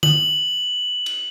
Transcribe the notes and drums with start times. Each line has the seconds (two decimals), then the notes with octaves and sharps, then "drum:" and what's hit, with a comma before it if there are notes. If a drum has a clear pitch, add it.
0.03 F#7, drum: tom D3
1.06 drum: cymbal